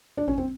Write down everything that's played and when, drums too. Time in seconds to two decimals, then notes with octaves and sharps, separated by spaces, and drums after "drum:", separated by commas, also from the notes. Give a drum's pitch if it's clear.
0.17 D4
0.28 C#4, drum: kick G#1
0.38 C4